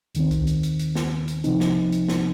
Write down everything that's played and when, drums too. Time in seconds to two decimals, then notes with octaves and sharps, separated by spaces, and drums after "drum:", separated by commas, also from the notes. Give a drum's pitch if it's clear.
0.15 D#2 D#3 C4, drum: hi-hat
0.31 drum: kick C2, hi-hat
0.47 drum: hi-hat
0.63 drum: hi-hat
0.79 drum: hi-hat
0.95 drum: snare
1.28 drum: hi-hat
1.44 C2 C3 F3 C4 D#4, drum: hi-hat
1.60 drum: snare
1.92 drum: hi-hat
2.08 drum: snare